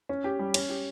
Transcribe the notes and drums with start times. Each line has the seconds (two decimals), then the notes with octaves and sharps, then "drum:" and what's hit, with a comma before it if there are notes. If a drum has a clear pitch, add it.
0.09 C#4
0.24 G4
0.39 G3
0.54 C#4, drum: cymbal
0.69 G4